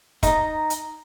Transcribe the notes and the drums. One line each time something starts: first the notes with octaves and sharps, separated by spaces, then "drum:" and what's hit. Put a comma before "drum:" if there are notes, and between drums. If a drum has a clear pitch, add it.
D#4 A#5, drum: kick, hi-hat
drum: hi-hat